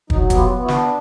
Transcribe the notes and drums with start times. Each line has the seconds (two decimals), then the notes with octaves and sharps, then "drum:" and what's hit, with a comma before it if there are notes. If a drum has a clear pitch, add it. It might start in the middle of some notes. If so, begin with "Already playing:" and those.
0.10 F#3 D#4, drum: kick
0.30 B3, drum: kick, hi-hat
0.36 F4 G4
0.50 B3
0.62 E4 F#4
0.68 D4, drum: snare